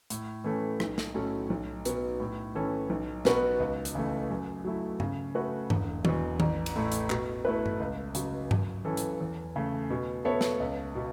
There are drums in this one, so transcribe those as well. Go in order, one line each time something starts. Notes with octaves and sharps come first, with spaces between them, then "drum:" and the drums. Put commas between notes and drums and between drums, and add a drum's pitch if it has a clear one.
A2, drum: hi-hat
E3 A3 C#4 A4
B1, drum: rim click
drum: snare
A2 F#3 C#4 A4
B1
B2 F#3 B3, drum: hi-hat
A2
E3 C#4 A4
B1
B2 B3 F#4 B4, drum: snare
C#2
drum: hi-hat
C#3 E3 A3
F#2
F#3 A3 E4
C#3, drum: tom G2
A3 F#4 B4 E5
E1, drum: tom G2
E2 B2, drum: tom D#3
A1, drum: tom D#3
drum: cymbal
A2 A3
drum: hi-hat
B2, drum: clap
A3 E4 B4
drum: tom G2
C#2
C#3 F#3, drum: hi-hat
F#2, drum: tom G2
E3 C#4 A4
drum: hi-hat
E2
C#3 A3
B2
B3 A4 C#5 E5
drum: snare
C#2
B2